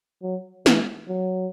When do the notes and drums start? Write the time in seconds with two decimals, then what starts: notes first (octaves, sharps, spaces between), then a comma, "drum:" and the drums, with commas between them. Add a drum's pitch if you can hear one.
0.23 F#3
0.66 E3, drum: snare
1.08 F#3